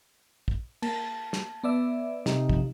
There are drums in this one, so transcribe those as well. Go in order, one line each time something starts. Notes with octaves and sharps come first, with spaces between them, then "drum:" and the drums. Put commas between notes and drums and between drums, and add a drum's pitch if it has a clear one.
drum: kick
A#3 A5, drum: cymbal
drum: snare
B3 D5 E5
C3 D#4, drum: snare
F3, drum: kick